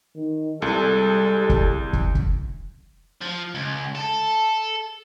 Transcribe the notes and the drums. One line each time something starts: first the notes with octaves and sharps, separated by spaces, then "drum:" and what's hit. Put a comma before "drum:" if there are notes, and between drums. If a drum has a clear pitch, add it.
D#3
C2 G3 G#3 A4
drum: kick
drum: kick
drum: kick
F3
C#2
A4